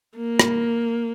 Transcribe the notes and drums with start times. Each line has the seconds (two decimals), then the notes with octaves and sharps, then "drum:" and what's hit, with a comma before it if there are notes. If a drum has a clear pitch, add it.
0.17 A#3
0.40 drum: rim click